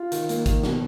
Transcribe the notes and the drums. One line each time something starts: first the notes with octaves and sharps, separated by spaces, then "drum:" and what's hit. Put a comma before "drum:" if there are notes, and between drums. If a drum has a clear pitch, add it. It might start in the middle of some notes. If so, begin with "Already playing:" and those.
Already playing: F4
D#3, drum: hi-hat
A#3, drum: hi-hat
D#3, drum: kick, hi-hat
B2, drum: snare